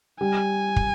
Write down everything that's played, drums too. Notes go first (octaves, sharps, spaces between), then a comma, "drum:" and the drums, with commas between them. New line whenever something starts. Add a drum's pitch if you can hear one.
G3 G#5
drum: kick